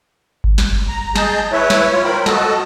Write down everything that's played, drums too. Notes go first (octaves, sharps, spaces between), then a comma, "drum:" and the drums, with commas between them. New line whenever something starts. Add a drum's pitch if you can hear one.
drum: kick G1
drum: snare
drum: kick G1
A#5
G#4 D#5 A5 G6, drum: snare
E4 B4 C#5 E5
drum: snare
F4 C#5
A#4 C5 G5 B5
F#4 A4 D#5 A5, drum: snare